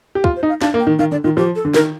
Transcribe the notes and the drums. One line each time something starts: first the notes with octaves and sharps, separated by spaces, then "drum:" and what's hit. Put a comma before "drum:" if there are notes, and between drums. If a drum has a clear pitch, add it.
G4
F4, drum: kick
C5
D#4
F5
D4 F5, drum: snare
A#3
G5
D#3
D#3 F5
D3 D5
D#3 F4
F3 G4
A4
D3
D#3 A#4, drum: snare